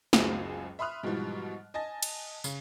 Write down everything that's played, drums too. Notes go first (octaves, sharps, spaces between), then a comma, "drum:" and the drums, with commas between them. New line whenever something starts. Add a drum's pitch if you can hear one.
F#1 C#2 F#3 G#4 C5 C7, drum: snare
E5 B5 C6 D#6 F6 F#6
G#2 B2 E3 F3 G3
D#5 G#5 A5 A6 A#6
drum: cymbal
C#3, drum: tambourine